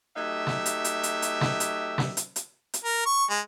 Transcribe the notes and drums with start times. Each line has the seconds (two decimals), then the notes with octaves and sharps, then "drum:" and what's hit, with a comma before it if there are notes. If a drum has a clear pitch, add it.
0.17 F#3 A3 D#4 G4 E5
0.47 drum: snare
0.66 drum: hi-hat
0.84 drum: hi-hat
1.03 drum: hi-hat
1.22 drum: hi-hat
1.41 drum: snare
1.60 drum: hi-hat
1.98 drum: snare
2.17 drum: hi-hat
2.36 drum: hi-hat
2.74 drum: hi-hat
2.85 A#4
3.06 C#6
3.30 G#3